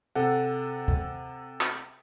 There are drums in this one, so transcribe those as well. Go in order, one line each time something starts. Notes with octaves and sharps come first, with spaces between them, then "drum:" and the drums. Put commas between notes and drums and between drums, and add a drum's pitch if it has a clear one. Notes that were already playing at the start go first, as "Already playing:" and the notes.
C3 A4 F#5
drum: kick
drum: clap